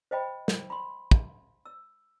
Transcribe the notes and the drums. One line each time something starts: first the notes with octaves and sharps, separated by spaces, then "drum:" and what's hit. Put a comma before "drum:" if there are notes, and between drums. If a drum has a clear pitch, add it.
C5 D#5 G5 B5
drum: snare
B5 C6
drum: kick
E6